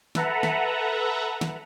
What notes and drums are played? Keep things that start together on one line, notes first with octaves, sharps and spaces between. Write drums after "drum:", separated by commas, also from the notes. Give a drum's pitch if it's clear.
A4 B4 E5 F#5 A#5, drum: snare
drum: snare
drum: snare